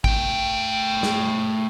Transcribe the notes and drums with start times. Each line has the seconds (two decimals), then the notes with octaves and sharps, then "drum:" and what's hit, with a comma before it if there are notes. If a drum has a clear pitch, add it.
0.04 A3 G5, drum: kick G#1
1.03 drum: snare